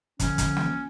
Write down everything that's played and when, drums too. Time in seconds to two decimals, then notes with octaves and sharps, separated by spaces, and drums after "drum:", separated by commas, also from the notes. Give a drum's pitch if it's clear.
0.20 D3 F3 C#4, drum: kick, hi-hat
0.38 drum: kick, hi-hat
0.57 drum: snare